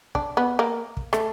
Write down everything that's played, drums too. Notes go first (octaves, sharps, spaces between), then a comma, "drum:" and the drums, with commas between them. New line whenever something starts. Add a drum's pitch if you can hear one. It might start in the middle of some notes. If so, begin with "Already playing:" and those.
D4, drum: kick
B3
A#3
drum: kick
A3, drum: rim click